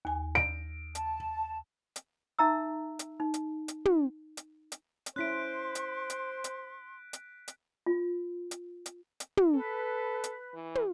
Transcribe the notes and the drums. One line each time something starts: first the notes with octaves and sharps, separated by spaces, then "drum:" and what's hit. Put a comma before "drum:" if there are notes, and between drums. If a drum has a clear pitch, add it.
D#2 G#5
D7
A5, drum: hi-hat
drum: hi-hat
D#4 E5 A#5 E6
drum: hi-hat
D#4
drum: hi-hat
drum: hi-hat
drum: tom
drum: hi-hat
drum: hi-hat
drum: hi-hat
C#4 E4 C5 C6 F#6 B6 D7
drum: hi-hat
drum: hi-hat
drum: hi-hat
drum: hi-hat
drum: hi-hat
F4
drum: hi-hat
drum: hi-hat
drum: hi-hat
drum: tom
A4 B4
drum: hi-hat
E3
drum: tom